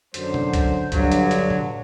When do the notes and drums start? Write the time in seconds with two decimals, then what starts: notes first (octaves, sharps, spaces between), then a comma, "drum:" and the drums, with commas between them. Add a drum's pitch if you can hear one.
0.14 F#2 D3 F#3 C5, drum: hi-hat
0.34 drum: tom B2
0.53 drum: kick C2, hi-hat
0.92 G2 D3 F#3, drum: kick C2, hi-hat
1.12 drum: hi-hat
1.31 drum: hi-hat
1.50 drum: tom A2